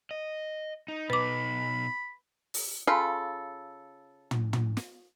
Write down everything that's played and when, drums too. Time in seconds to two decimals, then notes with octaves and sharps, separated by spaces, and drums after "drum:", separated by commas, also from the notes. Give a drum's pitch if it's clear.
0.11 D#5
0.88 D#4
1.10 B2 D#4 B4 B5 D6
2.54 drum: open hi-hat
2.87 C#3 F4 A4 B5
4.31 drum: tom
4.53 drum: tom
4.77 drum: snare